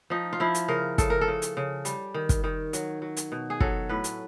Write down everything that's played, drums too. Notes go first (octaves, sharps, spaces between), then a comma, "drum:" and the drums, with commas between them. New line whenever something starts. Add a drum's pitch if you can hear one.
F3 D#4
F4
F3 E4
drum: hi-hat
C#3 A#4
C#3 A4, drum: kick, hi-hat
A#4
A4
C#3
drum: hi-hat
C#3
G3, drum: hi-hat
D#3
drum: kick, hi-hat
D#3
F#3, drum: hi-hat
F#3
drum: hi-hat
B2
G#4
F#3 A4, drum: kick
A2 B4
drum: hi-hat